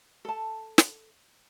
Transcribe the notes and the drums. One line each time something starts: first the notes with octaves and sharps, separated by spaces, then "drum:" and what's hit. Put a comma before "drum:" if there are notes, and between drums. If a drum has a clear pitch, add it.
A4 A5
drum: snare